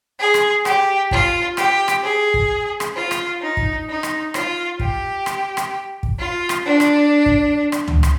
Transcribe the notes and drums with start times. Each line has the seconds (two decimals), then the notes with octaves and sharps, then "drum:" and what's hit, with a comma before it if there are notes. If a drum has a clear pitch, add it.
0.19 G#4
0.34 drum: rim click
0.65 G4, drum: rim click
1.11 F4, drum: kick
1.57 G4, drum: rim click
1.88 drum: rim click
2.03 G#4
2.34 drum: kick
2.80 drum: rim click
2.96 F4
3.11 drum: rim click
3.41 D#4
3.57 drum: kick
3.88 D#4
4.03 drum: rim click
4.34 F4, drum: rim click
4.80 G4, drum: kick
5.26 drum: rim click
5.57 drum: rim click
6.03 drum: kick
6.18 F4
6.49 drum: rim click
6.65 D4
6.80 drum: rim click
7.26 drum: kick
7.72 drum: rim click
7.88 drum: tom C#2
8.03 drum: rim click